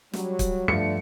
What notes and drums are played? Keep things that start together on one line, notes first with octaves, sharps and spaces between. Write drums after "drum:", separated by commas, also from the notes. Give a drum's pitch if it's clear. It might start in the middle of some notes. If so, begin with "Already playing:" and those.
F#3 G3, drum: snare
drum: kick, hi-hat
G2 D3 F3 A3 C#7